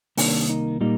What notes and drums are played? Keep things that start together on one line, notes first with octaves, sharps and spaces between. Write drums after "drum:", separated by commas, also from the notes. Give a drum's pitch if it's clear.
C2 C3 D#3 A#3 D4, drum: open hi-hat
D#4
A#2 G3 A#3 D#4